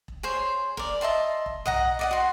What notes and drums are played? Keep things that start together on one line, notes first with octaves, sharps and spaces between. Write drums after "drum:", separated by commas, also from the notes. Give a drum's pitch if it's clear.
drum: kick E1
G#4 C5 C#5
A#4 D5, drum: kick E1
D#5 E5 A5 C6
drum: kick E1
D#5 F#5 A#5, drum: tom B1
D5 D#5 F#5
F#4 C6